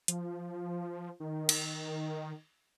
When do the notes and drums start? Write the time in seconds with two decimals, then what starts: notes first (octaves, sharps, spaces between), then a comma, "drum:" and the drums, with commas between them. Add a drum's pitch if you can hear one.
0.08 F3, drum: hi-hat
1.20 D#3
1.49 drum: cymbal